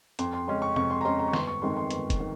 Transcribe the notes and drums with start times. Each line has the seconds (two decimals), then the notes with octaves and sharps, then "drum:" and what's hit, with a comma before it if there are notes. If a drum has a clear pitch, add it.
0.19 F2 C6, drum: hi-hat
0.33 C6
0.47 C#3 G#3 C#4 C6
0.62 C#6
0.76 F2 C#6, drum: tom C3
0.90 C6
1.01 A#5
1.05 C#3 G#3 C#4 C6
1.19 A#5
1.28 C#6
1.33 G1 C6, drum: snare
1.47 C#6
1.62 F2 D#3 G#3 C6
1.77 C6
1.91 G1 C6, drum: hi-hat
2.10 drum: kick, hi-hat
2.20 D#3